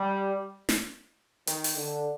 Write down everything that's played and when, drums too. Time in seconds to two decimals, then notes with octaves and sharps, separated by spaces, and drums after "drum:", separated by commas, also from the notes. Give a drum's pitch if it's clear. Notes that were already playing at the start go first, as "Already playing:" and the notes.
Already playing: G3
0.69 drum: snare
1.47 D#3, drum: hi-hat
1.64 drum: open hi-hat
1.76 D3